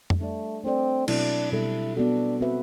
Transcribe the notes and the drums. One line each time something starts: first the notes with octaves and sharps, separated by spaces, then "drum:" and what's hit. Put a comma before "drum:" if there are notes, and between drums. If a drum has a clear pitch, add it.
drum: tom F2
G3 A3 D4 A4 D5
A3 C4 D4 A4 D5
B2 F#3 C4 D4 E4 A4, drum: cymbal
B2 G3 D4 E4 A4
B3 D4 F#4 A4
C4 F#4 B4 E5